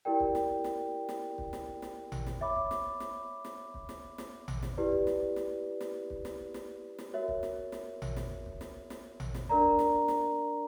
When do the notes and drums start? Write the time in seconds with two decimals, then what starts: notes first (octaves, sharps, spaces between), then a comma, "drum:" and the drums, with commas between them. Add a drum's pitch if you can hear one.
0.05 E4 G4 A#4 D5 G5
0.20 drum: kick
0.35 drum: snare
0.64 drum: snare
1.09 drum: snare
1.38 drum: kick
1.53 drum: snare
1.82 drum: snare
2.12 drum: tom A1
2.27 drum: snare
2.41 C#5 E5 B5 D6
2.56 drum: kick
2.71 drum: snare
3.00 drum: snare
3.45 drum: snare
3.74 drum: kick
3.89 drum: snare
4.18 drum: snare
4.48 drum: tom A1
4.63 drum: snare
4.78 E4 G4 B4 D5
4.92 drum: kick
5.07 drum: snare
5.36 drum: snare
5.81 drum: snare
6.10 drum: kick
6.25 drum: snare
6.54 drum: snare
6.99 drum: snare
7.13 F#4 A#4 C#5 E5
7.28 drum: kick
7.43 drum: snare
7.72 drum: snare
8.02 drum: tom A1
8.17 drum: snare
8.46 drum: kick
8.61 drum: snare
8.90 drum: snare
9.20 drum: tom A1
9.35 drum: snare
9.49 D4 A#4 D5 A#5
9.64 drum: kick
9.79 drum: snare
10.08 drum: snare